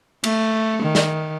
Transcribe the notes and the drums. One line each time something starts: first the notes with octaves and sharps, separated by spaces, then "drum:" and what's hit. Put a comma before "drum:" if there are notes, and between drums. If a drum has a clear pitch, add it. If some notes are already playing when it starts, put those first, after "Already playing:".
A3, drum: cymbal
D#3
drum: snare